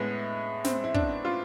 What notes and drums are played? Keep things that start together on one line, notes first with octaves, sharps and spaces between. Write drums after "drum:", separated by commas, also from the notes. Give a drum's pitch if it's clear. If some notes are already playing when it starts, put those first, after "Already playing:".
Already playing: A2 G#3 B3
C4, drum: snare
E4
D4, drum: kick
F4